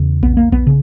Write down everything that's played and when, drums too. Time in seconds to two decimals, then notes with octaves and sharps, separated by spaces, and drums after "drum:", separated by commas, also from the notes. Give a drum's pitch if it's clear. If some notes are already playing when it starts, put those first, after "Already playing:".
Already playing: E2 C#3
0.23 B3, drum: kick A#1
0.37 A#3
0.52 B3, drum: kick A#1
0.67 C#3